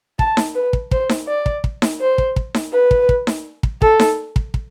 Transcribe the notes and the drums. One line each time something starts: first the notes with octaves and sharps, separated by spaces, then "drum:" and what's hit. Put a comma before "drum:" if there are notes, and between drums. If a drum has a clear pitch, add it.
A5, drum: kick
drum: snare D#4
B4
drum: kick
C5, drum: kick
drum: snare D#4
D5
drum: kick
drum: kick
drum: snare D#4
C5
drum: kick
drum: kick
drum: snare D#4
B4
drum: kick
drum: kick
drum: snare D#4
drum: kick
A4, drum: kick
drum: snare D#4
drum: kick
drum: kick